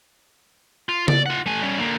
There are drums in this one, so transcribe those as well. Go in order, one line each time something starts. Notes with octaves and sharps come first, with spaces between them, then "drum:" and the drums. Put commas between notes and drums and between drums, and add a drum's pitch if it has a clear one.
F4
D5, drum: tom C#3
F4 F#5
A3 G#5
G3 C#4
D3 A#3